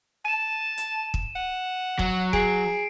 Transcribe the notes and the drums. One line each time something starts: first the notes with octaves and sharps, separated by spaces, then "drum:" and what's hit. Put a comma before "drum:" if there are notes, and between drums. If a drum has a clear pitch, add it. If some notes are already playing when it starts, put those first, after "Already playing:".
A5 D#7 E7
drum: hi-hat
drum: kick
F#5
F#3, drum: kick
G#4 C7 D7, drum: kick